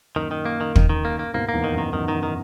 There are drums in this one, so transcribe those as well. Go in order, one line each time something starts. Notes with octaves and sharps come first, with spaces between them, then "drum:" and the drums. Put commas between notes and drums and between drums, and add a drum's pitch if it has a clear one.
F#2 A#2 D#3
D#3
A#3
D#3
D#3, drum: kick
D#3
A#3
A#3
G#2 B2 A#3
E2 G#2 A#3
D#3
F#2
D#3
F#2 D#3
D#3
D#3